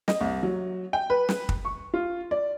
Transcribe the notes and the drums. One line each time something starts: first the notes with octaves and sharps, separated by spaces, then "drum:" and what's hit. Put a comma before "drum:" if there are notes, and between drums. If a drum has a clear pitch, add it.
D#5, drum: snare
C2
F#3
G5
B4
drum: snare
drum: kick
C#6
F4
D5